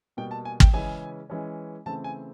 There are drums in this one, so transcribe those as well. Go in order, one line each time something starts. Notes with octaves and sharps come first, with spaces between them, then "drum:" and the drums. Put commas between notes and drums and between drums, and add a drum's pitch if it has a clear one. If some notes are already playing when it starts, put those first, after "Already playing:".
B2 G3 A#3 G5
A5
G#5
G5, drum: kick
C#3 E3 G#3 C#4 G#5
E3 G#3 C#4
C#3 E3 A3 C4 A5
G#5